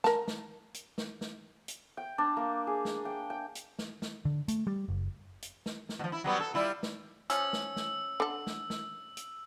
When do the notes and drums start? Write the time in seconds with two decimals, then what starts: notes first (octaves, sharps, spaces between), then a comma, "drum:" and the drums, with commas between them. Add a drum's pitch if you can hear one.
0.04 A#4 A5, drum: snare
0.28 drum: snare
0.74 drum: hi-hat
0.98 drum: snare
1.21 drum: snare
1.68 drum: hi-hat
1.97 G5
2.18 D4
2.37 A#3
2.67 G#4
2.85 drum: snare
3.05 G5
3.30 G5
3.55 drum: hi-hat
3.79 drum: snare
4.02 drum: snare
4.25 D3
4.48 A3, drum: hi-hat
4.67 G3
4.88 F#1
5.42 drum: hi-hat
5.66 drum: snare
5.89 drum: snare
5.99 B2 F3
6.12 E4
6.24 F#3 G3 B3
6.40 A4
6.54 G3 E4 F4
6.83 drum: snare
7.30 F3 C#4 E6, drum: hi-hat
7.53 drum: snare
7.76 drum: snare
8.20 D3 A4
8.47 drum: snare
8.70 drum: snare
9.17 drum: hi-hat